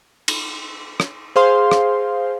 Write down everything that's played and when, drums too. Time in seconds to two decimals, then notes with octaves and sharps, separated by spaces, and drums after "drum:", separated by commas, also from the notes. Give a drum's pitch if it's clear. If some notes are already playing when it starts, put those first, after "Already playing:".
0.28 drum: cymbal
1.00 drum: rim click
1.36 G#4 C5 F5 C6
1.71 drum: rim click